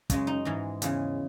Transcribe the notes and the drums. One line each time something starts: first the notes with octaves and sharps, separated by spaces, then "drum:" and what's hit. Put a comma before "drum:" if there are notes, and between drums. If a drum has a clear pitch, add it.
F#2 C#3 G#3, drum: kick, hi-hat
D#4
G#2 E3 G#3
E2 C#3 G#3, drum: hi-hat